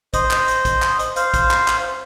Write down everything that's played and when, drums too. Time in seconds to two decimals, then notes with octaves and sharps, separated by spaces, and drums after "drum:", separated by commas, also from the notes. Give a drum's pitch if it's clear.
0.14 C5 D#5, drum: kick, hi-hat
0.31 drum: clap
0.48 drum: hi-hat
0.65 drum: kick, hi-hat
0.82 drum: clap
0.99 drum: hi-hat
1.16 C5 F5, drum: hi-hat
1.34 drum: kick, hi-hat
1.51 drum: clap
1.68 drum: clap